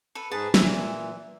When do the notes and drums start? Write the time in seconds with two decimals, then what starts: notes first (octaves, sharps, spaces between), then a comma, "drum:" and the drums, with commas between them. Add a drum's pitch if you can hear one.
0.15 A4 B4
0.31 G#2 G#4 B4 A5
0.54 A#2 E3 E5, drum: snare